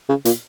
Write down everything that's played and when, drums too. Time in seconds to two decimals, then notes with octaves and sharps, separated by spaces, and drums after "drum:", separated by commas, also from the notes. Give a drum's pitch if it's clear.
0.09 C#3
0.25 A#2, drum: hi-hat